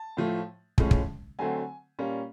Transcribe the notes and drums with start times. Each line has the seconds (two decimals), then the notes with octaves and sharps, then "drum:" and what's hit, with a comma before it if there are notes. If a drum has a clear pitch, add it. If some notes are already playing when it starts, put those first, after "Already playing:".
Already playing: A5
0.17 A2 F3 A3
0.78 A2 F3 G#3 C#4, drum: kick
0.91 drum: kick
1.39 D3 F#3 A3 C4 G#5
1.99 A#2 G3 A#3 C#4